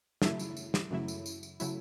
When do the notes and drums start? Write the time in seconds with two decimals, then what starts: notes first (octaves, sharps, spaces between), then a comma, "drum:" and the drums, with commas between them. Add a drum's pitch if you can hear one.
0.22 F#2 C#3 F#3 A3 E4, drum: snare
0.39 drum: tambourine
0.57 drum: tambourine
0.74 drum: snare
0.91 F#2 C#3 F#3 A3 E4
1.08 drum: tambourine
1.26 drum: tambourine
1.43 drum: tambourine
1.60 C#3 F#3 A3 E4, drum: tambourine